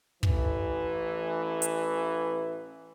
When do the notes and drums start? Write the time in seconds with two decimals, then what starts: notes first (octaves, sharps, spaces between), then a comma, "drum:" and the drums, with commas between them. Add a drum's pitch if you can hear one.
0.23 A1 E3, drum: kick
1.62 drum: hi-hat